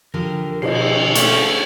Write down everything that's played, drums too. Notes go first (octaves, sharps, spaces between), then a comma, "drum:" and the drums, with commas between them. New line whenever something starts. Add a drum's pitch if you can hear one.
D3 F3 G4 A#4
B2 D#5 C7, drum: cymbal
A3 C#4 C5 F5 F#5 C#6, drum: hi-hat